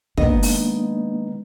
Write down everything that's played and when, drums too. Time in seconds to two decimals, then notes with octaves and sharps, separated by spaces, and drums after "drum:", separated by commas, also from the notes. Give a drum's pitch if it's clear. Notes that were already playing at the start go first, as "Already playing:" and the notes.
0.17 D#3 F#3 G#3 A#3 B3 D4 D#5, drum: kick
0.43 drum: open hi-hat